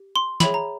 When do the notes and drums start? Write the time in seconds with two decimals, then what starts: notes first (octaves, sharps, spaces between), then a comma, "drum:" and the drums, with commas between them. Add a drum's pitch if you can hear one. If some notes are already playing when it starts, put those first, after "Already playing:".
Already playing: G4
0.16 C6
0.40 G#4 C#5 E5 G5 B5, drum: snare
0.54 A#5